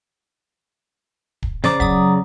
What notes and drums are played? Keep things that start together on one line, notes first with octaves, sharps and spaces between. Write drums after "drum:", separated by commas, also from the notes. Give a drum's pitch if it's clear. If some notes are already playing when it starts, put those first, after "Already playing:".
drum: kick D1
C#3 C5 D5 A#5 D6, drum: snare
F#3 A#5 D#6, drum: kick D1